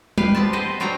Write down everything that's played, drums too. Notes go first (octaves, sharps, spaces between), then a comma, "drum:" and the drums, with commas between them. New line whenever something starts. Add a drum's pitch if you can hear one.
G4 B4 F5, drum: tom G3
B3 C4 A5
B4 C5 D#5
F#3 C4 D4 F#5 G5 A#5